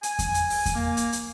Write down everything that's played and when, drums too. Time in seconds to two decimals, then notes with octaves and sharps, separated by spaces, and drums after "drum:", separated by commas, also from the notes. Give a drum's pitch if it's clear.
0.03 G#5, drum: hi-hat
0.19 drum: kick E2, hi-hat
0.34 drum: hi-hat
0.50 drum: open hi-hat
0.66 drum: kick E2, hi-hat
0.75 A#3
0.97 drum: hi-hat
1.12 drum: hi-hat